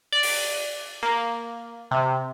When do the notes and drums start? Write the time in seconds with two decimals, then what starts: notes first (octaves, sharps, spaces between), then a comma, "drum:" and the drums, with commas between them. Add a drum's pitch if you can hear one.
0.12 D5
0.23 drum: open hi-hat
1.03 A#3
1.91 C3